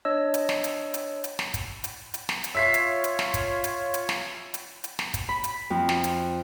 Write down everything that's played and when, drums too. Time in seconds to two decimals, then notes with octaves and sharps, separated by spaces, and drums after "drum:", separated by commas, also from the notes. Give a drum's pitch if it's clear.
0.05 D4 C#5 D#5 E6
0.34 drum: hi-hat
0.49 drum: snare
0.64 drum: hi-hat
0.94 drum: hi-hat
1.24 drum: hi-hat
1.39 drum: snare
1.54 drum: kick, hi-hat
1.84 drum: hi-hat
2.14 drum: hi-hat
2.29 drum: snare
2.44 drum: hi-hat
2.55 F4 C#5 E5 B6 C7
2.74 drum: hi-hat
3.04 drum: hi-hat
3.19 drum: snare
3.34 drum: kick, hi-hat
3.64 drum: hi-hat
3.94 drum: hi-hat
4.09 drum: snare
4.54 drum: hi-hat
4.84 drum: hi-hat
4.99 drum: snare
5.14 drum: kick, hi-hat
5.29 B5
5.44 drum: hi-hat
5.70 F2
5.89 drum: snare
6.04 drum: hi-hat